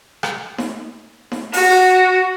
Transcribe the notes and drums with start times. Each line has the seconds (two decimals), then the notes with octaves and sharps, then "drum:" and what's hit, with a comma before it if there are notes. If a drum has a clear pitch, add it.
0.23 drum: rim click
0.58 drum: snare D#4
1.32 drum: snare D#4
1.53 F#4, drum: open hi-hat